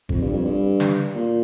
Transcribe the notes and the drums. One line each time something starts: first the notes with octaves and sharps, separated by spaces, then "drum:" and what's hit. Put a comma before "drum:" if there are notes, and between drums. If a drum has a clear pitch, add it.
F2, drum: kick G#1
G2
F2
G2
drum: snare
A#2